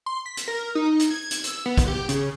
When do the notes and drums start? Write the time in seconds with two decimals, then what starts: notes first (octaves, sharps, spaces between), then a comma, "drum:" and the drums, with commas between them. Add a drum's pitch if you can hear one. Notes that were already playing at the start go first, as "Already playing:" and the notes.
0.06 C6
0.26 B6
0.37 drum: hi-hat
0.48 A#4
0.75 D#4
0.99 drum: hi-hat
1.10 G#6
1.31 drum: hi-hat
1.44 E6, drum: hi-hat
1.66 B3
1.78 drum: kick, hi-hat
1.88 G4
2.09 C#3, drum: hi-hat